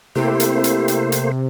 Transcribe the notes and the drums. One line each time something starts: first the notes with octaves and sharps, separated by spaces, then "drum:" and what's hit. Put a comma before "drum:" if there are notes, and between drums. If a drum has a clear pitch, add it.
C3 A3 A#3 E4 G4 C5
drum: hi-hat
drum: hi-hat
drum: hi-hat
drum: hi-hat